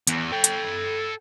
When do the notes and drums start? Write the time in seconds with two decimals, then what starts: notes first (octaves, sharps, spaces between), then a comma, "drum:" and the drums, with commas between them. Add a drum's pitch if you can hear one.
0.07 E2, drum: hi-hat
0.32 A4 G5
0.44 drum: hi-hat